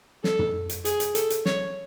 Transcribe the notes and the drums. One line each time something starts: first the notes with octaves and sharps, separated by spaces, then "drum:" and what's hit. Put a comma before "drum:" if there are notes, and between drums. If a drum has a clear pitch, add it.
A4, drum: snare
drum: tom
drum: hi-hat
G#4, drum: hi-hat
drum: hi-hat
A4, drum: hi-hat
drum: hi-hat
C#5, drum: snare